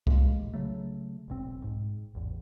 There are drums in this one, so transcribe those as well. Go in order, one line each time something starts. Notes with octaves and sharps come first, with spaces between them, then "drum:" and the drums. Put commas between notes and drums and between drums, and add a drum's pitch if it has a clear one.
A1 G#3 A#3, drum: kick C2
C#3 F#3 A3
E1 B1 C4
G#2
A1 E2